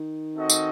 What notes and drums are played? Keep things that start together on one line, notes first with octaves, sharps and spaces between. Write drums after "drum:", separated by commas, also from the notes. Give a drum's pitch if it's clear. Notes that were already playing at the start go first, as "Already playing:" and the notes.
Already playing: D#3
C4 F#4 A4 D#5
drum: tambourine